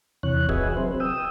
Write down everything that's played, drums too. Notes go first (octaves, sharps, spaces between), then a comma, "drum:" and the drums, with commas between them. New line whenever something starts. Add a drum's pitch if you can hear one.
E2 C3 E3 C#5 F#6
F#4 G#4 B4 D#5 E5 G#5, drum: kick
F#3 C4 B4 C5
G5 D#6 E6